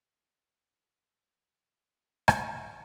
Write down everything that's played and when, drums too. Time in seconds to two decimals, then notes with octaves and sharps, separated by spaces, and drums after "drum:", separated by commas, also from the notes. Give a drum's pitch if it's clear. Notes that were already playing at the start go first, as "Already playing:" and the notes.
0.19 F#5
1.11 E4
2.28 drum: rim click